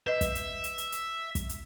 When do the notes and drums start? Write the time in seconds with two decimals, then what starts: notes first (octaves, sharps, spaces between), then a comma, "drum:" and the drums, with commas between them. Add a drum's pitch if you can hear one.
0.07 B4 D#5 E5
0.21 drum: kick, hi-hat
0.35 drum: hi-hat
0.64 drum: hi-hat
0.78 drum: hi-hat
0.92 drum: hi-hat
1.35 drum: kick, hi-hat
1.49 drum: hi-hat